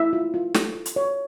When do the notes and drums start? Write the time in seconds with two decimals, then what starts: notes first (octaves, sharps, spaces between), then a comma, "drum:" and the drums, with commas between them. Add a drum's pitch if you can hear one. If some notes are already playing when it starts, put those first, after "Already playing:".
Already playing: E4 E5
0.13 F4
0.34 F4
0.54 A4, drum: snare
0.75 F4
0.86 drum: hi-hat
0.96 C#5